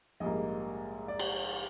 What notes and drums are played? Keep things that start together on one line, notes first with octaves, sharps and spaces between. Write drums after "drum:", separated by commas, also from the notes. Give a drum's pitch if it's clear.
A#1 G#2 G3 A#3 D#5
D5
drum: cymbal